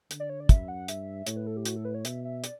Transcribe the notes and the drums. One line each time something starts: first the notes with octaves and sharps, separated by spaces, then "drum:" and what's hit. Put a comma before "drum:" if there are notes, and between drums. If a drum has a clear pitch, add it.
D3, drum: hi-hat
D5
C#5
D5
F#2 E5, drum: kick, hi-hat
F#5
G2 E5, drum: hi-hat
A2 C#5, drum: hi-hat
B4
A4
G4
F#4, drum: hi-hat
A4
B4
C#5
B2 E5, drum: hi-hat
E5
D5, drum: hi-hat